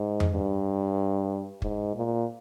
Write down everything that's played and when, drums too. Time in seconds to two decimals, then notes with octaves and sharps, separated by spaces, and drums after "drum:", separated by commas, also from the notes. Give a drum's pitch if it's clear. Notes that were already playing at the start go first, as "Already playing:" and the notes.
Already playing: G#2
0.20 drum: tom F2
0.33 G2
1.62 G#2, drum: kick
1.95 A#2